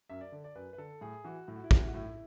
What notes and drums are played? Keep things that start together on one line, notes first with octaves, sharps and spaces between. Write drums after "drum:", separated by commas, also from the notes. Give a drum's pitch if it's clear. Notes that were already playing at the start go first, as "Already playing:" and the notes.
F#2 E5
D5
D3
D5
F#2 B4
B4
D3 A4
A2 G#4
E3 F#4
A2 E4
F#4
E4
E3 F#4, drum: kick
E4
F#4
A2 E4